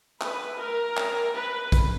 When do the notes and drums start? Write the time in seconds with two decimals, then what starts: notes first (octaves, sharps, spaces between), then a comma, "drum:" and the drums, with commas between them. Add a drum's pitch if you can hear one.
0.21 B4, drum: clap
0.60 A#4
0.97 drum: clap
1.35 B4
1.72 drum: kick, hi-hat